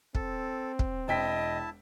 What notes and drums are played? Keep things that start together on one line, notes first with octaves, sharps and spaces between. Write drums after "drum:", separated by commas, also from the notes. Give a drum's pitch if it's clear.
C4 A4, drum: kick
drum: kick
E1 E4 D#5 G5 A5 B6